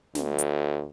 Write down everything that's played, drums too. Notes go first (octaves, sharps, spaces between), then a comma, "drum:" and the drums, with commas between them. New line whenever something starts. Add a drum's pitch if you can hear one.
D2, drum: snare
drum: hi-hat